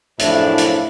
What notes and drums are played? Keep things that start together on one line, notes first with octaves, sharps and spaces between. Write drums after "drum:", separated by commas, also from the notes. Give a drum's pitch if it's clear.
F#2 A2 C#3 F3 D4 E4 E5 F5, drum: hi-hat
drum: hi-hat